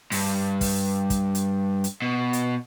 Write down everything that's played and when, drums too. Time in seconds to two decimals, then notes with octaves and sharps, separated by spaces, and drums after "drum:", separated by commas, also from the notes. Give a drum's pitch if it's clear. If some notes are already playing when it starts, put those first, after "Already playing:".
0.12 G2, drum: open hi-hat
0.61 drum: kick, open hi-hat
1.10 drum: kick, hi-hat
1.35 drum: hi-hat
1.84 drum: hi-hat
2.02 B2
2.33 drum: hi-hat